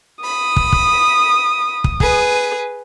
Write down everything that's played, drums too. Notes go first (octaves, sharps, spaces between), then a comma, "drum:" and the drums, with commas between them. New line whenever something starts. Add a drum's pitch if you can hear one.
B5 D#6
drum: kick
drum: kick
drum: kick
G#4 B4, drum: kick